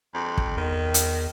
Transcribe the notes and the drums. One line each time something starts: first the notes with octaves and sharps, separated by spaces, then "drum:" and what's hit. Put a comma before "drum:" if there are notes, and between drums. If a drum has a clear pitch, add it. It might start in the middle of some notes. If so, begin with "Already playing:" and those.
F2
drum: kick
E2 D#3
drum: hi-hat